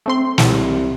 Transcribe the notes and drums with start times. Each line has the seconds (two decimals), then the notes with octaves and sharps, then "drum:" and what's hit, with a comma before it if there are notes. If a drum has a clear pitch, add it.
0.06 A3 C4 C6
0.38 C2, drum: snare